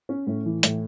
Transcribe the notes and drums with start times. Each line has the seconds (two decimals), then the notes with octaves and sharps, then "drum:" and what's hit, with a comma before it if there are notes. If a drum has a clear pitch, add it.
0.09 C#4
0.27 A2
0.46 E3
0.63 A2, drum: hi-hat